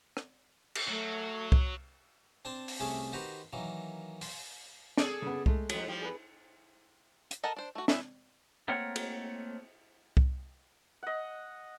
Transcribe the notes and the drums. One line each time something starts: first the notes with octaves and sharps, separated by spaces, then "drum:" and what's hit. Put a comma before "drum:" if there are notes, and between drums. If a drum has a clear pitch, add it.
drum: rim click
drum: cymbal
F#3 A3
drum: kick C2
C4 D4 G5 A5 C6
drum: open hi-hat
C2 A3 C#4 G#4 E5 D6
D#3 F#4 G4 B4 C5 A#5
D#3 E3 F#3 A#3
C6, drum: open hi-hat
G#4 A4 D5, drum: snare
C#3 B3
G#3 A3, drum: kick C2
F2 B3, drum: cymbal
F3 G3
G#4 B4
drum: hi-hat
A4 A#4 D#5 F#5 A5
D4 C5
A3 F#4
E4 G#4 E5, drum: snare
A3 A#3 C4 A#4 C#5 F#5
drum: cymbal
drum: kick C2
D#5 F#5